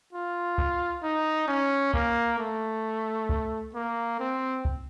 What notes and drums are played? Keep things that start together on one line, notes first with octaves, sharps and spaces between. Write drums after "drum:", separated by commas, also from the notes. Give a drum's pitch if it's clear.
F4
drum: kick C2
D#4
C#4
A#3, drum: kick C2
A3
drum: kick C2
A#3
C4
drum: kick C2